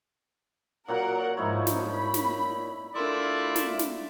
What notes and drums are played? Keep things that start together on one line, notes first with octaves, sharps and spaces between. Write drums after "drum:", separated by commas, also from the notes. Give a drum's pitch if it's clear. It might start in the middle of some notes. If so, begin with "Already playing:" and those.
A#2 F#3 F#4 A#4 F#5
G#2 F3 D#4 E4 C#5
drum: snare
B5
drum: snare
A3 D4 E4 F4 A#4 D5 E5 C6
drum: snare
drum: snare